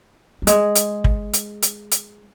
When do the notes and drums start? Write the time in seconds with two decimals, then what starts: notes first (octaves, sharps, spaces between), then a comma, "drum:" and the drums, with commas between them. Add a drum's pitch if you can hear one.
0.42 F#3
0.47 G#3, drum: hi-hat
0.75 drum: hi-hat
1.04 drum: kick
1.33 drum: hi-hat
1.62 drum: hi-hat
1.91 drum: hi-hat